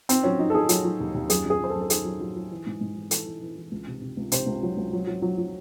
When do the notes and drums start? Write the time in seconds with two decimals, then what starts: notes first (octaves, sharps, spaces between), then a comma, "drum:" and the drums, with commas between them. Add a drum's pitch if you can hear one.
0.09 D#3 C4, drum: hi-hat
0.24 F#3 C#4
0.39 F#3 D#4
0.50 A4
0.54 D#3 G#4
0.69 F#3, drum: hi-hat
0.85 F#3
1.00 D#2
1.15 D#2
1.30 F#2 G#4, drum: hi-hat
1.45 F#2 G#4
1.61 F#2 C5
1.70 A4
1.76 F#2
1.82 A4
1.90 D#3 G#4, drum: hi-hat
2.05 F#3
2.20 F#3
2.36 F#3
2.51 E3
2.67 G#2
2.81 G#2
2.96 E3
3.11 E3 A4, drum: hi-hat
3.26 E3
3.42 E3
3.57 E3
3.72 C#2
3.87 C3
4.01 C3
4.17 C#2
4.32 C3 C5, drum: hi-hat
4.47 C#2
4.63 F#3
4.77 C#2
4.93 F#3
5.07 F#3
5.22 F#3
5.38 F#3